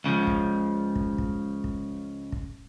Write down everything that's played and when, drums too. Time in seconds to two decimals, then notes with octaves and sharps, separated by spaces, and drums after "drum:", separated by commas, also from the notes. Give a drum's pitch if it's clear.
0.04 C#2 C#3 E3 F3
0.27 drum: kick
0.96 drum: kick
1.18 drum: kick
1.64 drum: kick
2.32 drum: kick